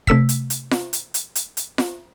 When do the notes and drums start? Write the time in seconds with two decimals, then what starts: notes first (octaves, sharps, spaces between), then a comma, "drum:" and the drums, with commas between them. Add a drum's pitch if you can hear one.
0.07 C3 A3 E6 B6, drum: kick
0.29 drum: hi-hat
0.50 drum: hi-hat
0.71 drum: snare F4
0.93 drum: hi-hat
1.14 drum: hi-hat
1.35 drum: hi-hat
1.57 drum: hi-hat
1.78 drum: snare F4